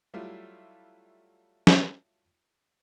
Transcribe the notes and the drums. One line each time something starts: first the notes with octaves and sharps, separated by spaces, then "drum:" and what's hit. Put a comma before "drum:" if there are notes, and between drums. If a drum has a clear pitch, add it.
F#3 G3 A3 E4 F4
drum: snare